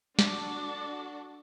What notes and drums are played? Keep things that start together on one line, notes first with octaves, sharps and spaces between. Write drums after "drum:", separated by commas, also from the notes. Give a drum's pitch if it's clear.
D4 F#4 A4 D6, drum: snare